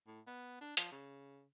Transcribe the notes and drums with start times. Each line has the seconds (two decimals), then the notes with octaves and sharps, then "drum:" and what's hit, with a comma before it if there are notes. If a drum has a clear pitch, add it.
0.07 A2
0.27 B3
0.61 D4
0.77 F3, drum: hi-hat
0.92 C#3